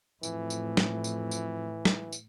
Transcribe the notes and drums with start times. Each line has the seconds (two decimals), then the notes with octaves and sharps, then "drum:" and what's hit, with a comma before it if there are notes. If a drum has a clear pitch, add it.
0.23 F2 A2 E3, drum: tambourine
0.50 drum: tambourine
0.77 drum: snare
1.04 drum: tambourine
1.31 drum: tambourine
1.85 drum: snare
2.12 drum: tambourine